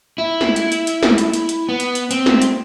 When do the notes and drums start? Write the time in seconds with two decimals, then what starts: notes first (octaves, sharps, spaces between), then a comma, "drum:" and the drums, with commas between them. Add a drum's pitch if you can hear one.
0.18 E4
0.41 drum: snare
0.56 drum: hi-hat
0.72 drum: hi-hat
0.87 drum: hi-hat
1.03 drum: snare
1.18 drum: hi-hat
1.33 drum: hi-hat
1.49 drum: hi-hat
1.69 B3
1.80 drum: hi-hat
1.95 drum: hi-hat
2.11 C4, drum: hi-hat
2.26 drum: snare
2.42 drum: hi-hat